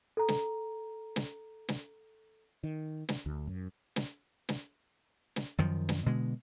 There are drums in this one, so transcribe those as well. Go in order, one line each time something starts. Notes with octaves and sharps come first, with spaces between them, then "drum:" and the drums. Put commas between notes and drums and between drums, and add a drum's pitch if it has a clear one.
A4 A#5
drum: snare
drum: snare
drum: snare
D#3
drum: snare
D2
F#2
drum: snare
drum: snare
drum: snare
F#2 D#3 F3
drum: snare
B2 D3 G#3